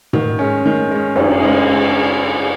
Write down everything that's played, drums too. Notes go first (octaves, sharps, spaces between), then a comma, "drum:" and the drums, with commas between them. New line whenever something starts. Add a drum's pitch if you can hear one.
D#3, drum: tom
G#3 C#4
D#3
G#3 C#4
F#2, drum: cymbal
C#3 G#3 D#4